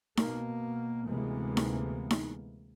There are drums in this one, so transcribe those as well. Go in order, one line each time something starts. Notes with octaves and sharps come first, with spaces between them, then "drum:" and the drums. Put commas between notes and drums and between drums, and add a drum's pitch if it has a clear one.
B2 A#3, drum: snare D#4
D2 C3 E3 G#3 A#3 B3
drum: snare D#4
drum: snare D#4